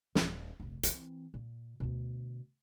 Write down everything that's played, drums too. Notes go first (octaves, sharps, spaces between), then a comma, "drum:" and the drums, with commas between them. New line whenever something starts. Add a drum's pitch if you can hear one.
D#1, drum: snare
F1 A#1
E3 C4, drum: hi-hat
A#2
D2 B2